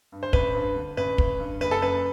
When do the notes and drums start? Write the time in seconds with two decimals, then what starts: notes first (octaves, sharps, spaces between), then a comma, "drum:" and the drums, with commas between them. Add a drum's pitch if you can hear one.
0.12 G2
0.23 C5
0.33 A1 B4, drum: kick
0.54 G2
0.76 D3
0.97 A1 B4
1.18 A1, drum: kick
1.40 G2
1.61 F#1 B4
1.71 A4
1.82 F#2 B4